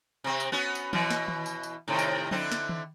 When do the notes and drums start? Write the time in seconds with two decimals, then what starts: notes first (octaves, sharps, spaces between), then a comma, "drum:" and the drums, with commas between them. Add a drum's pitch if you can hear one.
0.24 C3 C4
0.40 drum: tambourine
0.52 B3 C#4 F#4
0.75 drum: tambourine
0.93 B2 E3, drum: tom F3
1.11 drum: snare
1.28 drum: tom D#3
1.46 drum: tambourine
1.63 drum: tambourine
1.88 A2 C3 D#3
1.99 drum: tambourine
2.31 D3 C4 E4, drum: tom F3
2.52 drum: snare
2.69 drum: tom D#3